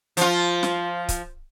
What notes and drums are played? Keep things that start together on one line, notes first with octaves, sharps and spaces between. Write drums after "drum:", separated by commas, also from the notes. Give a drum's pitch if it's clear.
F3 F4, drum: hi-hat
drum: snare
drum: kick C#1, hi-hat